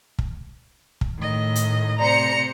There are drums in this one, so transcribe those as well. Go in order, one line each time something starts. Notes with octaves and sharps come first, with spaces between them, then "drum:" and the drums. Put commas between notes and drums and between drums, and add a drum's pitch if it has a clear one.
drum: kick
drum: kick
A2 D#3 D#5
drum: hi-hat
C3 C5 D5 A#5 C#7